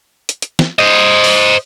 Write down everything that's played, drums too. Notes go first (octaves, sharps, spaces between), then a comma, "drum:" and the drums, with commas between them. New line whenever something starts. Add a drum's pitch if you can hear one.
drum: hi-hat
drum: hi-hat
drum: snare
C5 D#5
drum: open hi-hat